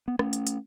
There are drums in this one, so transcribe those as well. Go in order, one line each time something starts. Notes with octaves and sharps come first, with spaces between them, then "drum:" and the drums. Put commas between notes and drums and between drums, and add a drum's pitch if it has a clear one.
B3
A3 C#4, drum: rim click
drum: hi-hat
drum: hi-hat